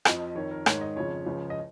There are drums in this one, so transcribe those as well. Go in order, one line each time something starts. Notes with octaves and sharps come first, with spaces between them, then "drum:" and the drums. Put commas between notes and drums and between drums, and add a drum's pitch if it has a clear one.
F2 F3 D#5, drum: rim click
F2 D#3 C#5
A#4
G#2 D#3 C#5, drum: rim click
D#5
F2 C#3 F3 C#5
C#2 C#3 F3
D#5